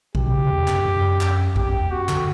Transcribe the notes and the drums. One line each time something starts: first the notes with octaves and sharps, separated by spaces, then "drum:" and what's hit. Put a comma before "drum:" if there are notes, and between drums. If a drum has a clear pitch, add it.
B2 G4, drum: kick A#1
C#3
E2
F#2, drum: clap
F#2
drum: clap
F#2 G4, drum: kick A#1
E2
F#2 F#4
D3, drum: clap